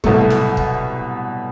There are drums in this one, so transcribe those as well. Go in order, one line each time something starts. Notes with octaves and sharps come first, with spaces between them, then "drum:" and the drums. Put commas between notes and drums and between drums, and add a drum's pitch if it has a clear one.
C2 B2 F#3 A3, drum: kick
drum: snare
drum: kick